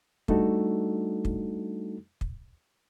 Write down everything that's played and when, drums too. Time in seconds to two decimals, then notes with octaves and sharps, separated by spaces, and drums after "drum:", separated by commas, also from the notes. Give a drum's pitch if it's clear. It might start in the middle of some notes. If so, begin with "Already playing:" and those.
0.28 G3 A3 D4 D#4 F#4 A4, drum: kick
1.25 drum: kick
2.21 drum: kick